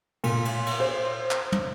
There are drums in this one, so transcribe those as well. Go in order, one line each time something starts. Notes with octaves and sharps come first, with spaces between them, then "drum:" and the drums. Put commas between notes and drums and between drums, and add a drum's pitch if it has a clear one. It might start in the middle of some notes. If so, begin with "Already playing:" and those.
A#2, drum: cymbal
drum: cymbal
drum: cymbal
C5
drum: clap
drum: tom